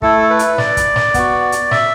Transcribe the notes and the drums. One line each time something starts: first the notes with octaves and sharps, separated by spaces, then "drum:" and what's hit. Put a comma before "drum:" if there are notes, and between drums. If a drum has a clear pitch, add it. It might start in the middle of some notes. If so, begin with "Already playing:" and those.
A3 E4 A4, drum: kick
B4
drum: hi-hat
D5, drum: snare
drum: kick, hi-hat
drum: snare
B3 F#4, drum: kick, hi-hat
drum: hi-hat
E5, drum: snare